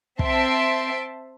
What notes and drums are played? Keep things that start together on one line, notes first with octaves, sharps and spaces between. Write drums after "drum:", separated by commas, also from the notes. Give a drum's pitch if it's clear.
C4 E5 A5 C6 D7, drum: kick